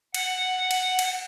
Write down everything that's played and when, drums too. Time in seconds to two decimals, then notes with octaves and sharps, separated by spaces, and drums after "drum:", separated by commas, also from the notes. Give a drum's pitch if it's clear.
0.14 F#5, drum: cymbal
0.71 drum: cymbal
0.99 drum: cymbal